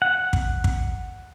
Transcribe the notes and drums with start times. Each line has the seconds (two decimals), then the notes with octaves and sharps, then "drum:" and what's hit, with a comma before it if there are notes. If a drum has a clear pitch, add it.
0.02 F#5
0.33 drum: kick
0.64 drum: kick